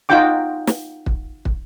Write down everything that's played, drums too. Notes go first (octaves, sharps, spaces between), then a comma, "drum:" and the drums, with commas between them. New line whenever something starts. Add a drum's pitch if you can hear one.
D#4 F4 F#4 G5 D6
drum: snare
drum: kick
drum: kick